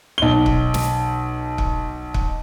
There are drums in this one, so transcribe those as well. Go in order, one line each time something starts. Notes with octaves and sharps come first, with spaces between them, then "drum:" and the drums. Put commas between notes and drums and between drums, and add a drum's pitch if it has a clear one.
B1 G7
drum: kick
drum: snare
drum: kick
drum: kick